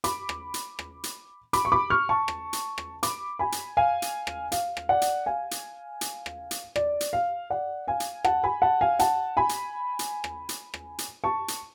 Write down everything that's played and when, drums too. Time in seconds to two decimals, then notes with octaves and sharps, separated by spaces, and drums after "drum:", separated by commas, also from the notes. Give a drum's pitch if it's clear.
0.04 B5 D6, drum: hi-hat
0.29 drum: rim click
0.54 drum: hi-hat
0.79 drum: rim click
1.04 drum: hi-hat
1.53 B5 D6, drum: hi-hat
1.65 C#6
1.72 B5 D6
1.90 C#6 F6
2.09 A5 C#6
2.28 drum: rim click
2.53 drum: hi-hat
2.78 drum: rim click
3.03 B5 D6, drum: hi-hat
3.39 G#5 B5
3.52 drum: hi-hat
3.77 F5 G#5
4.02 drum: hi-hat
4.27 drum: rim click
4.52 F5, drum: hi-hat
4.77 drum: rim click
4.89 D5 F#5
5.02 drum: hi-hat
5.26 F5 G#5
5.51 drum: hi-hat
6.01 drum: hi-hat
6.26 drum: rim click
6.51 drum: hi-hat
6.76 D5, drum: rim click
7.01 drum: hi-hat
7.13 F5
7.50 D5 F#5
7.88 F5 G#5
8.00 drum: hi-hat
8.25 F#5 A5, drum: rim click
8.43 G#5 B5
8.62 F#5 A5
8.81 F5 G#5
8.99 F#5 A5, drum: hi-hat
9.37 G#5 B5
9.49 drum: hi-hat
9.99 drum: hi-hat
10.24 drum: rim click
10.49 drum: hi-hat
10.74 drum: rim click
10.98 drum: hi-hat
11.24 A5 C#6
11.48 drum: hi-hat